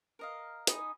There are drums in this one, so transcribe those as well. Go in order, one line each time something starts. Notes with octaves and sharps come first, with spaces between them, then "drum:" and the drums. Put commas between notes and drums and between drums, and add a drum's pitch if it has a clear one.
A#4 D#5 F5
D#4 D#5 G#5 B5, drum: hi-hat